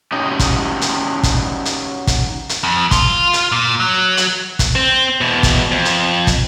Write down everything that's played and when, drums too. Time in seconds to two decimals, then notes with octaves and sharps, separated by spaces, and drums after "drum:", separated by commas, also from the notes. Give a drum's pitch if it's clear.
0.12 C#4 D#4 F#4 G4 D#5
0.39 drum: kick, hi-hat
0.81 drum: hi-hat
1.23 drum: kick, hi-hat
1.65 drum: hi-hat
2.07 drum: kick, hi-hat
2.49 drum: hi-hat
2.64 F2
2.91 F4, drum: kick, hi-hat
3.33 drum: hi-hat
3.52 A#2
3.80 F#3
4.17 drum: hi-hat
4.59 drum: kick, hi-hat
4.76 C4
5.21 E2 B2
5.43 drum: kick, hi-hat
5.71 F2
5.85 drum: hi-hat
6.27 drum: kick, hi-hat